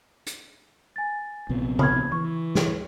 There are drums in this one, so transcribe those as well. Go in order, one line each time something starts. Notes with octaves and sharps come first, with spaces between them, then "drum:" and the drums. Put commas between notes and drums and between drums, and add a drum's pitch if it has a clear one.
drum: hi-hat
G#5 A6
A#1 C3 B3
B5 F6 G#6, drum: tom C#3
E3 C#6
drum: snare